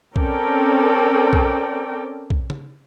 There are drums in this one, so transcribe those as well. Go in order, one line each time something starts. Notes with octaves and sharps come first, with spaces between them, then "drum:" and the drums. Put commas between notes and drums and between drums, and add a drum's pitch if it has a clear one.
C4 C#4 A4 A#4 D5 G5, drum: kick B1
drum: kick B1
drum: kick B1
drum: tom C#3